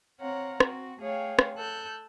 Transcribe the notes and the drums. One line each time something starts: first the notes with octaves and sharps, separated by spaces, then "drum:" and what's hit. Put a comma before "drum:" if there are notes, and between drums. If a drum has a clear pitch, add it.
C4 C#5 F5 F#5 A#5
C4 F#4, drum: rim click
A3 G#4 C#5 F5 G5
drum: rim click
A4 E6 F#6 G6